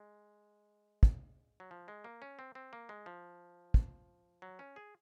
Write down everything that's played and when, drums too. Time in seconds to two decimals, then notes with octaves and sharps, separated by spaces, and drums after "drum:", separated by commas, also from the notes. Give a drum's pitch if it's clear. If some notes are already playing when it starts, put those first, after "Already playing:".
Already playing: G#3
1.03 drum: kick
1.60 F#3
1.71 F3
1.88 G#3
2.04 A#3
2.22 C#4
2.39 C4
2.55 C4
2.73 A#3
2.89 G#3
3.06 F3
3.74 drum: kick
4.42 F#3
4.59 C#4
4.76 G#4